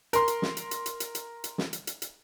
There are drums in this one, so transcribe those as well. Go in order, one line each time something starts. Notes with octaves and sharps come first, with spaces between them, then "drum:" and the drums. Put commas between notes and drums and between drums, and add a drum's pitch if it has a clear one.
A#4 C6, drum: hi-hat
drum: hi-hat
drum: snare
drum: hi-hat
drum: hi-hat
drum: hi-hat
drum: hi-hat
drum: hi-hat
drum: hi-hat
drum: snare
drum: hi-hat
drum: hi-hat
drum: hi-hat